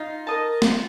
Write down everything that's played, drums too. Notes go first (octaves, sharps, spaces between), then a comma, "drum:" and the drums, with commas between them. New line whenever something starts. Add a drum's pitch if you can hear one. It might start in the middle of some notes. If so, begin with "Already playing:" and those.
Already playing: D#4 F4
A#4 D#5 A5
F4, drum: snare